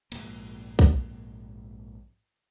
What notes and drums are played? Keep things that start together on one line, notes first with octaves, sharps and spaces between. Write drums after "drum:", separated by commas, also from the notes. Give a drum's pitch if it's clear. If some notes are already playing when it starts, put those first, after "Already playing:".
A#1 E2 G#2 A#3, drum: cymbal
drum: kick